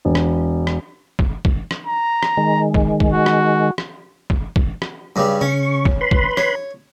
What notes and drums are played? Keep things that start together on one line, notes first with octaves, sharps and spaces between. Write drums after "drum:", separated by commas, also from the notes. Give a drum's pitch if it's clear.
E1
drum: rim click
drum: rim click
drum: kick
drum: kick
drum: rim click
A#5
drum: rim click
D#3 G#3
drum: kick
drum: kick
F#4
drum: rim click
drum: rim click
drum: kick
drum: kick
drum: rim click
G2 C#3 G3
C#3 C#4 C#6
drum: kick
B4 B5 C6
drum: kick
C#5, drum: rim click